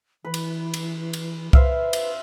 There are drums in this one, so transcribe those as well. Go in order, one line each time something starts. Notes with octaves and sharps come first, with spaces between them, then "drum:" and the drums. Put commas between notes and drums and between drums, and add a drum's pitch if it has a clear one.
E3 B4
drum: cymbal
drum: cymbal
drum: cymbal
B4 C5 E5 F5, drum: kick C2
drum: cymbal